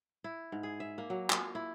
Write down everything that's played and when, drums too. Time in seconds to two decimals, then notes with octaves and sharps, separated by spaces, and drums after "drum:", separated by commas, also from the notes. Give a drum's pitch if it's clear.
0.24 E4
0.52 G#2
0.63 G#4
0.80 E5
0.98 A#3
1.10 F#3
1.30 F4, drum: clap
1.55 E4